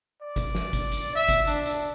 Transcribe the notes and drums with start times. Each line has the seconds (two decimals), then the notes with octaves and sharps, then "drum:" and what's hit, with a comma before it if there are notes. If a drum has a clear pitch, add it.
0.22 D5
0.36 drum: kick G1, hi-hat
0.55 drum: snare
0.73 drum: kick G1, hi-hat
0.92 drum: hi-hat
1.15 E5
1.29 drum: kick G1, hi-hat
1.47 D4, drum: hi-hat
1.66 drum: hi-hat